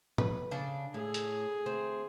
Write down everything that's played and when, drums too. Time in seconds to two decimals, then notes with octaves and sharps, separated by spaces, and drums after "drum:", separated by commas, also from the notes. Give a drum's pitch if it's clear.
0.18 B4, drum: tom
0.51 C#3 D4
0.94 A2 G#4
1.14 drum: hi-hat
1.66 D2 C4